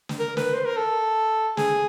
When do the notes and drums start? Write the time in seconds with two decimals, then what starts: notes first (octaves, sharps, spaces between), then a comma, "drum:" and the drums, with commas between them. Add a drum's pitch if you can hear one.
0.09 drum: snare
0.19 A#4
0.37 B4, drum: snare
0.54 C5
0.65 A#4
0.77 A4
1.57 G#4, drum: snare